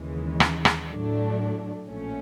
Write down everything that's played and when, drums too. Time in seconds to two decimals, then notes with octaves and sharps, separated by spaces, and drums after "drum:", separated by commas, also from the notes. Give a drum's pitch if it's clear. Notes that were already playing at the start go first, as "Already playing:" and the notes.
Already playing: D#2 C#3 E3 G#3
0.40 drum: rim click
0.65 drum: rim click
0.90 A2 F#3 A3 D4
1.89 A#1 A#2 F3 A3 C#4